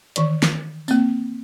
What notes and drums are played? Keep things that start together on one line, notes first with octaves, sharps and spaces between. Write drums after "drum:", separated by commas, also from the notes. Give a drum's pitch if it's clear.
D#3 E3 D5, drum: hi-hat
drum: snare
A#3 C4, drum: tambourine